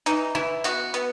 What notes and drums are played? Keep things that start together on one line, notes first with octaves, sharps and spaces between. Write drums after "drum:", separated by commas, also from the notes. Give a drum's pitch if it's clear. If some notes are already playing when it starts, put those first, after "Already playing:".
E3 D#4, drum: hi-hat
E3 E4, drum: rim click
B3 F#4, drum: hi-hat
B3, drum: hi-hat